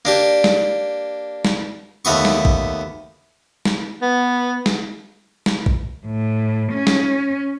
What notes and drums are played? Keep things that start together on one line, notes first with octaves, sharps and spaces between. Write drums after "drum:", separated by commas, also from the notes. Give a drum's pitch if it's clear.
A#3 D4 G4
drum: snare
drum: snare
D#2 A3 B3 C#6
drum: snare
drum: kick
drum: snare
B3
drum: snare
drum: snare
drum: kick
A2
C#4
drum: snare